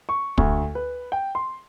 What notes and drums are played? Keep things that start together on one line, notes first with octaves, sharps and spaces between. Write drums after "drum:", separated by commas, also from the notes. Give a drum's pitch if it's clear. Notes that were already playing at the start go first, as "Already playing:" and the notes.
C#6
D2, drum: kick
B4
G5
C6